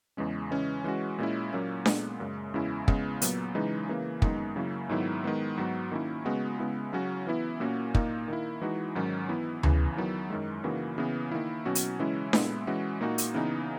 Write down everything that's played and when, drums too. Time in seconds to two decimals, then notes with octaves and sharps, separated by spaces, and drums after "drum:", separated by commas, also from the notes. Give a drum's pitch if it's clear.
0.17 E2 C#3 E3 G#3 C#4
0.51 C#3 E3 G#3 C#4
0.84 E3 G#3 C#4 F#4
1.19 A#2 G#3 C#4 E4
1.53 A#2 F#3 A#3 C#4
1.86 A#2 G#3 B3, drum: snare D4
2.20 F#2 C#3 G#3
2.54 E2 C#3 G#3 C#4 E4
2.88 C#3 G#3 B3, drum: kick
3.22 A#2 F#3 B3, drum: hi-hat
3.55 C#3 E3 G#3 D#4
3.89 C#3 E3 A#3
4.22 F#2 D#3 G#3 B3 D#4, drum: kick
4.56 C#3 F#3 A#3 C#4 E4
4.89 G#2 D#3 F#3 B3 E4
5.24 D#3 G#3 B3
5.57 G#2 F#3 B3 F#4
5.91 D#3 A#3 C#4 E4
6.25 C#3 G#3 B3 F#4
6.59 C#3 G#3 B3 E4
6.93 C#3 F#3 C#4 F#4
7.27 E3 B3 E4
7.60 A#2 A#3 C#4 F#4
7.95 A#2 A#3 D#4, drum: kick
8.28 D#3 A#3 E4
8.62 E3 G#3 D#4 F#4
8.95 G#2 D#3 F#3 C#4
9.28 E3 B3 E4
9.63 E2 C#3 E3, drum: tom D2
9.97 D#3 F#3 B3 E4
10.30 F#2 D#3 G#3
10.64 C#3 E3 A#3 D#4 F#4
10.98 C#3 E3 B3
11.31 D#3 A#3 E4
11.65 B2 F#3 C#4 F#4
11.75 drum: hi-hat
11.99 C#3 E3 G#3 C#4 E4
12.33 A#2 G#3 B3 E4, drum: snare D4
12.67 E3 G#3 C#4 F#4
13.01 A#2 A#3 D#4 F#4
13.18 drum: hi-hat
13.34 C#3 E3 B3 D#4